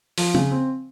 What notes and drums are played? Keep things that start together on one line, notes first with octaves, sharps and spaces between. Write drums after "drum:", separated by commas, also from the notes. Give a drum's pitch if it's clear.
F3, drum: open hi-hat
C#3, drum: tom
C4